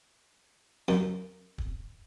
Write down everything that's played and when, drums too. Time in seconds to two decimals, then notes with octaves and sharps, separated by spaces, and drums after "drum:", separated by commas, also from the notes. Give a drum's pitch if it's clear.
0.88 F#2, drum: snare
1.58 drum: kick